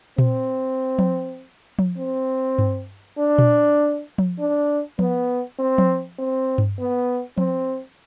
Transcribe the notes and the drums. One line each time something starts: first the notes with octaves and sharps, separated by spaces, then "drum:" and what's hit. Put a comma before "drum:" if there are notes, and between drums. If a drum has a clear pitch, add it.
C4, drum: tom A#2
drum: tom F3
drum: tom F3
C4
drum: tom G2
D4
drum: tom A#2
drum: tom F3
D4
B3, drum: tom F3
C4
drum: tom F3
C4
drum: tom G2
B3
C4, drum: tom F3